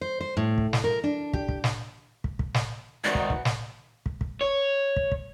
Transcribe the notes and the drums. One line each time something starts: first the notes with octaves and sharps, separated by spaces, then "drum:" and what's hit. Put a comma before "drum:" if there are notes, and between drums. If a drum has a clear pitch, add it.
C5
C5
A2
drum: kick
drum: snare
A#4
D4
G4, drum: kick
drum: kick
drum: snare
drum: kick
drum: kick
drum: snare
G#2 D#3 E3 F#4 D5
drum: kick
drum: kick
drum: snare
drum: kick
drum: kick
C#5
drum: kick
drum: kick